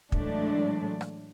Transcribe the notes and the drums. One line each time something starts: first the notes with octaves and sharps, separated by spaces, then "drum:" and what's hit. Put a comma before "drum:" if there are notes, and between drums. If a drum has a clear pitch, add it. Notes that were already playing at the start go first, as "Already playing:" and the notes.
A2 E3 F#3 G#3 A3 D4, drum: kick
drum: rim click